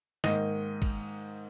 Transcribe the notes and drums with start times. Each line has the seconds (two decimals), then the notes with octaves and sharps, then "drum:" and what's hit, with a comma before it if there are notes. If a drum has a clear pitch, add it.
0.24 G#2 D#3 A#3 D#5, drum: snare
0.82 drum: kick, cymbal